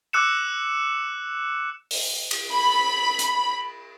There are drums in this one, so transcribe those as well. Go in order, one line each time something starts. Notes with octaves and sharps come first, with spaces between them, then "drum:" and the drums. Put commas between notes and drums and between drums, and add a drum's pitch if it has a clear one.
D6 E6 F#6 C#7 E7
drum: open hi-hat
drum: cymbal
B5
drum: hi-hat